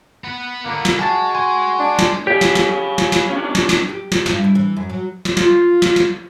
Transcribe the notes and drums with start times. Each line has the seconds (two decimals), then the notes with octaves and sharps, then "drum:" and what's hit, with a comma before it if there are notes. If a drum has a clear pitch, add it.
0.24 B3 B4
0.65 D3 A#3 B3
0.85 drum: snare
0.99 G#3 F#4 G#5 A5 A6
1.35 G#3 G#5 C6
1.80 D4
1.99 drum: snare
2.27 G4 C#5 F5
2.41 drum: snare
2.55 drum: snare
2.98 drum: snare
3.12 drum: snare
3.30 C#4 D4
3.55 drum: snare
3.69 drum: snare
3.89 G4
4.12 drum: snare
4.26 G2, drum: snare
4.44 E4
4.55 E3
4.77 F#2
4.89 F#3
5.25 drum: snare
5.37 F4, drum: snare
5.82 drum: snare
5.96 drum: snare